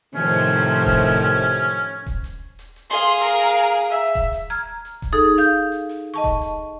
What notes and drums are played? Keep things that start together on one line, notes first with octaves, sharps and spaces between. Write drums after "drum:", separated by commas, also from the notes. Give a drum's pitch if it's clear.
A2 C3 D#3 F3 C#4
drum: hi-hat
drum: hi-hat
drum: kick D#1, hi-hat
drum: hi-hat
drum: hi-hat
drum: hi-hat
drum: open hi-hat
drum: kick D#1, hi-hat
drum: hi-hat
drum: hi-hat
drum: hi-hat
G#4 F5 C6
A#4
drum: hi-hat
E5
drum: kick D#1, hi-hat
drum: hi-hat
A#5 F6 G#6
drum: hi-hat
drum: kick D#1, hi-hat
D#4 G#4 A4
F5 G6, drum: hi-hat
drum: hi-hat
drum: open hi-hat
D#5 A5 C#6
drum: kick D#1, hi-hat
drum: hi-hat